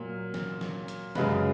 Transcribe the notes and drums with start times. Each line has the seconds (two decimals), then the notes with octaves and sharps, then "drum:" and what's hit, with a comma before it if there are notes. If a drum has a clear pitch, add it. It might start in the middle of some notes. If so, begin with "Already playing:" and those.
Already playing: A#2 F#3 A#4
0.34 drum: snare
0.61 drum: snare
0.88 drum: hi-hat
1.15 F#2 C#3 G#3 B4, drum: snare